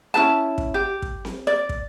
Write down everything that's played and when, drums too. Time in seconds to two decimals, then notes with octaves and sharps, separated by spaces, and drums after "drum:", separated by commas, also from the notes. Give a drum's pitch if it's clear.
0.14 C#4 E4 B4 A5
0.58 drum: kick
0.74 G4
1.02 drum: kick
1.25 drum: snare C4
1.47 D5
1.69 drum: kick